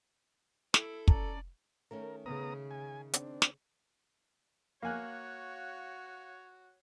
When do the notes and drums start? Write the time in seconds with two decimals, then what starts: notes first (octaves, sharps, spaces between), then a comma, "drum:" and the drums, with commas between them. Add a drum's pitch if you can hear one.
0.74 E4 A4 D7, drum: snare
1.08 C#4 D5 A5 A#5, drum: kick
1.91 D#3 A3 C#4 A#4
2.26 C#3 B3 A#5 D#6
2.71 G#5
3.13 C4 D4, drum: hi-hat
3.42 drum: snare
4.83 A#3 F#4 C#5 F5 G#5 F#6